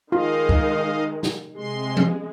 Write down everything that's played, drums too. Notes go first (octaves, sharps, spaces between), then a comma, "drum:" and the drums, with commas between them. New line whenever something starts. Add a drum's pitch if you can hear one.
D#3 G#3 F4 D#5 F5
drum: kick
drum: snare
C3 G#3 C6
drum: tom E3